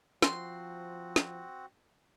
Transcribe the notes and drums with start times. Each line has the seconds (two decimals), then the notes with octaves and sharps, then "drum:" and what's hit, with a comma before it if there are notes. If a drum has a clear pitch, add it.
0.22 F3 C4 F#4 C6, drum: snare
1.16 drum: snare